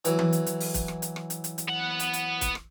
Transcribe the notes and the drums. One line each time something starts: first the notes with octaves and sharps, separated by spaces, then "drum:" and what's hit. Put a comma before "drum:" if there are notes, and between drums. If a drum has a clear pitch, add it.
E3 F#3, drum: hi-hat
drum: tom E3
drum: hi-hat
drum: hi-hat
drum: open hi-hat
drum: kick, hi-hat
drum: rim click
drum: hi-hat
drum: rim click
drum: hi-hat
drum: hi-hat
drum: hi-hat
B3 F#5
drum: hi-hat
drum: hi-hat
drum: kick, hi-hat
drum: rim click